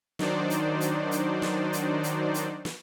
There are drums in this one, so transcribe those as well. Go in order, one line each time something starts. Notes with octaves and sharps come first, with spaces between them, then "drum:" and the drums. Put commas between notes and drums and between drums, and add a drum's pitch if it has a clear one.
D#3 F#3 D4 D#4 C5 D5, drum: snare
drum: hi-hat
drum: hi-hat
drum: hi-hat
drum: snare
drum: hi-hat
drum: hi-hat
drum: hi-hat
drum: snare